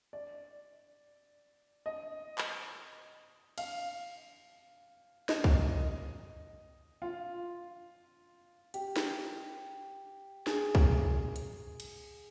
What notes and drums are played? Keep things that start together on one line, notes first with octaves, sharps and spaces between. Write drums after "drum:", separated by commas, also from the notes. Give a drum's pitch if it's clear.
D5
D#5
drum: clap
F5, drum: cymbal
D#5, drum: snare
drum: kick C2
F4
G4, drum: hi-hat
drum: snare
G#4, drum: snare
drum: kick C2
drum: tom A#2
drum: hi-hat
drum: cymbal